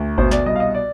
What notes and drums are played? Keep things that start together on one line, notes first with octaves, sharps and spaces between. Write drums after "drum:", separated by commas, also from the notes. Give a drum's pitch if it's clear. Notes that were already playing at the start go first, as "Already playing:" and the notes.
Already playing: D2
B2 C5, drum: kick G#1
D5, drum: snare
C2 D#5
F5
D#5
D5